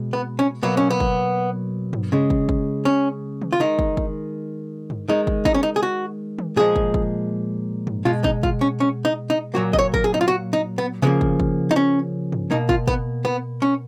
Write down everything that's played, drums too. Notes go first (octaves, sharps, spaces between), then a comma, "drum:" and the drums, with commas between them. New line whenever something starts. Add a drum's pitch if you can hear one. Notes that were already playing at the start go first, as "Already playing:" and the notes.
Already playing: B2 G#3
B3
C#4
B2 F#3 A#3 B3
C#4
B3
drum: kick
drum: tom G2
C#3 G#3
drum: kick
drum: kick
C#4
drum: tom D#3
F4
D#3 G#3 D#4
drum: kick
drum: kick
drum: tom G2
D#3 G#3 D#4
drum: kick
D#4, drum: kick
C#4
D#4
G#4
F#4
drum: tom D#3
A#2 F3 G#3 G#4
drum: kick
drum: kick
drum: tom G2
B2 G#3 F4
D#4, drum: kick
F4, drum: kick
C#4
C#4
D#4
D#4
A#2 F#3 A#3 F#4
D#5, drum: kick
C#5
A#4, drum: kick
G#4
D#4
F4
F#4
D#4
B3
C#3 F3 A#3 B3
drum: kick
drum: kick
D#4
C#4
drum: tom G2
B2 A#3 D#4
F4, drum: kick
B3, drum: kick
B3
C#4